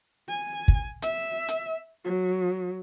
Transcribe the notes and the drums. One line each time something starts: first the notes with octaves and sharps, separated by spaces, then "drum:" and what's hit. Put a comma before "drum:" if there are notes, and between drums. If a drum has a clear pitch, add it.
G#5
drum: kick
E5, drum: hi-hat
drum: hi-hat
F#3